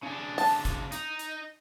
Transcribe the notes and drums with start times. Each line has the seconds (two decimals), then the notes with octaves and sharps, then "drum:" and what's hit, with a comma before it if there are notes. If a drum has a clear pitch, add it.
0.03 C#3 D4
0.38 A5, drum: open hi-hat
0.65 drum: kick G#1, hi-hat
0.92 D#4, drum: hi-hat
1.19 drum: hi-hat